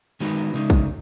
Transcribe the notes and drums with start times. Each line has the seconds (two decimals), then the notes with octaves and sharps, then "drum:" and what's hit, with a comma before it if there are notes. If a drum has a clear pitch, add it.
0.20 D#3 G#3 B3 D#4 F#4, drum: tambourine
0.37 drum: tambourine
0.54 C#3 G#3 D#4, drum: tambourine
0.70 drum: kick A#1, tambourine